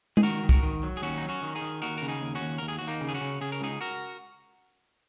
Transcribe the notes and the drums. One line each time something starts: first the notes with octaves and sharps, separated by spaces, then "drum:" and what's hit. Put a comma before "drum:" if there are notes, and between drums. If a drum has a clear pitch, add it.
G#4, drum: tom G#3
D#3 F#4 A#4
D#3
F#4 A#4, drum: kick C2
D#3
F#3
G#4
D#2 C#4 F#4
F#3 D#4
C#4 F#4
D#3
D#4 G#4
D#3
D#2 F#4 A#4
C#3 A#4
D#4 G#4
D#2
C#4 F#4
D#2
D#2 A#4
G#4
D#2 F#4
A#3 D#4
C#3
G#4
C#4 F#4
C#3
C#3 G#4
A#4
C#2 D#4 G#4
F#4 A#4